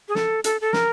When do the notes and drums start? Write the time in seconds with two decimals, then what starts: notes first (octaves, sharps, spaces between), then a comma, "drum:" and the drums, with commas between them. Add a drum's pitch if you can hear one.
0.08 G#4
0.15 A4, drum: snare
0.44 A4, drum: hi-hat
0.61 A4
0.73 A#4, drum: snare